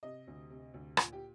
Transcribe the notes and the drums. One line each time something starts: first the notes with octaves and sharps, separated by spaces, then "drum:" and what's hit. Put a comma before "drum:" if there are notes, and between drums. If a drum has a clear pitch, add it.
C3 D#5
D2
C3
D2
A#2, drum: rim click
G4